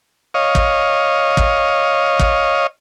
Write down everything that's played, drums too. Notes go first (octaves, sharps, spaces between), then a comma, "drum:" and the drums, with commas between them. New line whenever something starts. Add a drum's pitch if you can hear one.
C#5 D#5 F5
drum: kick
drum: kick
drum: kick